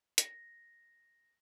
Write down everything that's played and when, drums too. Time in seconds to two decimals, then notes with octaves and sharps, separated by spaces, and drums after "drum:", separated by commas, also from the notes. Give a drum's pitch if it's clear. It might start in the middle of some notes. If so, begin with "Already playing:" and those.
0.18 A#6, drum: hi-hat